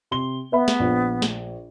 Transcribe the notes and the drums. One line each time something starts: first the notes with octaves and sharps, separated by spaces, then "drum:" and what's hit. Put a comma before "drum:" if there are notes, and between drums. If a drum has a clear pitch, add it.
C3 C6 G7
B3 B4 E5 B5
drum: snare
A#1
drum: snare